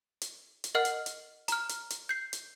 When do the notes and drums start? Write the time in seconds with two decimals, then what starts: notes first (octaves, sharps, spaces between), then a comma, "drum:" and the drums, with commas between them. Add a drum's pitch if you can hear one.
0.21 drum: hi-hat
0.64 drum: hi-hat
0.75 A#4 D#5 F#5 F6
0.85 drum: hi-hat
1.06 drum: hi-hat
1.48 A#5 F6, drum: hi-hat
1.69 drum: hi-hat
1.90 drum: hi-hat
2.09 G6 C7
2.33 drum: hi-hat